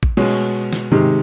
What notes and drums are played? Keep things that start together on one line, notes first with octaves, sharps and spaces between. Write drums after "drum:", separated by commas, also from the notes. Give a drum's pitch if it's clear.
drum: kick A1
B2 G#3 C#4, drum: cymbal
drum: snare
C3 D#3 G#3, drum: tom G#2